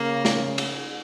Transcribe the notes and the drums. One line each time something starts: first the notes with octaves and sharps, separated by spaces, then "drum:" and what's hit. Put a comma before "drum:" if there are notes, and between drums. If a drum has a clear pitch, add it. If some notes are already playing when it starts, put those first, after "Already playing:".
Already playing: C#3 A#3
drum: snare
drum: cymbal